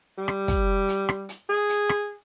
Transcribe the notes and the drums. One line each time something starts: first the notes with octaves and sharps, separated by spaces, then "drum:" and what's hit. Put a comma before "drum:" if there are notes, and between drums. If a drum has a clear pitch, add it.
G3
drum: rim click
drum: kick, hi-hat
drum: hi-hat
drum: rim click
drum: hi-hat
G#4
drum: hi-hat
drum: rim click